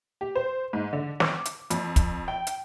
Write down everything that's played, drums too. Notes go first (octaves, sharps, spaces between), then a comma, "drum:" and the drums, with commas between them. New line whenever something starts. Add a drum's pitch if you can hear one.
G4
C5
G#2
D3
D6, drum: snare
drum: hi-hat
F2, drum: hi-hat
drum: kick, hi-hat
G5
drum: hi-hat